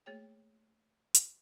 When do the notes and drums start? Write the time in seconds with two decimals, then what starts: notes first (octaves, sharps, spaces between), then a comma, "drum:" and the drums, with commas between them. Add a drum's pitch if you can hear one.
0.06 A3 A#3 G#4 C#5 G5
1.15 drum: hi-hat